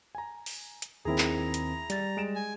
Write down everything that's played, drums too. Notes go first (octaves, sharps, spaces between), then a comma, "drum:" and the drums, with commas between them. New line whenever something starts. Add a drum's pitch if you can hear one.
G#5 A#5
drum: open hi-hat
drum: hi-hat
D#2 D#3 C4 E4 G#4 A#5
drum: clap
drum: hi-hat
G3 A6, drum: hi-hat
G#3 D7 E7
G#5